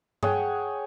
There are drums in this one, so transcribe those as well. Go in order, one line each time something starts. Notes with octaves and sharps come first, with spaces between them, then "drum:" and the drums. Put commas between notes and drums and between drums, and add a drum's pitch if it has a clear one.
G#4 C#5 F#5 G5, drum: tom G2